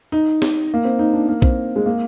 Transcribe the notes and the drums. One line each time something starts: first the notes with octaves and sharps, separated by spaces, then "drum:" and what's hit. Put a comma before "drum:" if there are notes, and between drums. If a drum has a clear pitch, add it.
D#4
drum: snare
A#3
C4
D#4
D4
A#3
C4, drum: kick A#1
G#3
A#3